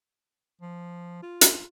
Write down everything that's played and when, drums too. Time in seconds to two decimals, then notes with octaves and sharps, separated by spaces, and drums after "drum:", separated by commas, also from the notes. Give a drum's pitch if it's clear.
0.61 F3
1.23 F4
1.41 drum: hi-hat